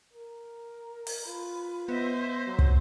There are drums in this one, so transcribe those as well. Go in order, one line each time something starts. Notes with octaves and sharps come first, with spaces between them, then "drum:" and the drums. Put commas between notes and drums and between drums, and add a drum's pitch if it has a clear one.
A#4
drum: open hi-hat
F4 B4
B3 C5 D#5 E5
F#3
drum: kick